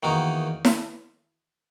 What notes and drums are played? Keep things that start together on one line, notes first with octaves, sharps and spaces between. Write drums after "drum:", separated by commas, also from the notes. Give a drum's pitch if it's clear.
E2 D#3 A#3 D#4 F#4
drum: snare E4